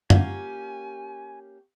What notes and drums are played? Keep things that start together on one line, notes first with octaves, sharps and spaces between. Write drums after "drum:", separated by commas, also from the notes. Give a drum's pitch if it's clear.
A#3 C#4 F4 G4 F5 F#5 G#5, drum: tom F#2